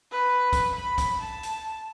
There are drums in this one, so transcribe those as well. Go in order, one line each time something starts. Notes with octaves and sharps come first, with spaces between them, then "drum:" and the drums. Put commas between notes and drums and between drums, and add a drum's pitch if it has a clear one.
B4
drum: kick, hi-hat
B5
drum: kick, hi-hat
A5
drum: hi-hat